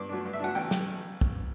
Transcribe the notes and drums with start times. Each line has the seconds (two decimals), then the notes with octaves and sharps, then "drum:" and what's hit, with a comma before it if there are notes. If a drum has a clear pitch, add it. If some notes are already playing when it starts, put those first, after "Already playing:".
Already playing: G2 D6
0.09 F#3 A3 D4
0.25 G2
0.33 E5
0.40 F#3 A3 D4 F#5
0.55 A1 G5
0.71 drum: snare
1.21 drum: kick